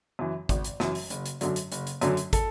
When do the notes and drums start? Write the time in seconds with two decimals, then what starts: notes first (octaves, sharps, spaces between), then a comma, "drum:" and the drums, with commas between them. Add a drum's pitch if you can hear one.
0.19 F#2 E3
0.49 G#1, drum: kick, hi-hat
0.64 drum: hi-hat
0.80 F#2 E3, drum: snare
0.95 drum: open hi-hat
1.10 F#1, drum: hi-hat
1.26 drum: hi-hat
1.41 F#2 D3 F#3, drum: hi-hat
1.56 drum: hi-hat
1.72 F#1, drum: hi-hat
1.87 drum: hi-hat
2.01 F#2 D3 F#3, drum: hi-hat
2.17 drum: hi-hat
2.33 A4, drum: kick, hi-hat